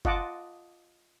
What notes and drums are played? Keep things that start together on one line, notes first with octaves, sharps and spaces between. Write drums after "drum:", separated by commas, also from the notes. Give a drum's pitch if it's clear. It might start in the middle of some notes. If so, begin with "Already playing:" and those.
F4 D#5 F#5 A5 D6, drum: kick F#1